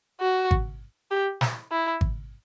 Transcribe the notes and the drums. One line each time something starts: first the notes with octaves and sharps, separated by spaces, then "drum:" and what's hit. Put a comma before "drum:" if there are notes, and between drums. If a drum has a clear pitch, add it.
F#4
drum: kick G#1
G4
drum: snare
E4
drum: kick G#1